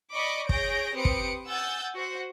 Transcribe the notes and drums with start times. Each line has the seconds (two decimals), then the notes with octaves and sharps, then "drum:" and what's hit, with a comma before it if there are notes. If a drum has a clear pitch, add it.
0.12 D5 D#5 B5 C#6 D6
0.49 G#4 C#5 G6 A#6 D7, drum: kick
0.94 C4 G4 B4 D#6 C#7 D7
1.05 drum: kick
1.47 F#5 G#5 E6 G6 A6
1.95 F#4 C5 F#5